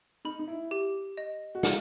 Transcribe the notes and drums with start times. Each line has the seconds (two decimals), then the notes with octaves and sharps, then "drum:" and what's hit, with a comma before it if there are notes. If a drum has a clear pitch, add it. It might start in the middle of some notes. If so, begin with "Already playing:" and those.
0.25 D#4 B5
0.39 D#4
0.47 E4
0.71 G4
1.17 D#5
1.55 F#4
1.63 F4 F#5, drum: snare